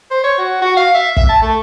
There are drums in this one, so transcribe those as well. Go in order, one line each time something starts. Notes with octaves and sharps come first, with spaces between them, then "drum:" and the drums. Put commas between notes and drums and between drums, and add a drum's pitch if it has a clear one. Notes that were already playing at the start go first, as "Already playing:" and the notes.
C5
C#5
F#4
F#4
F5
E5
E5, drum: kick
A5
A3